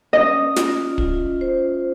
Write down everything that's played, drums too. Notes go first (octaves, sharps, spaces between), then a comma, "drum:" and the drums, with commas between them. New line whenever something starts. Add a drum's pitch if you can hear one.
C#4 D#5
F4, drum: snare
F4, drum: kick
C5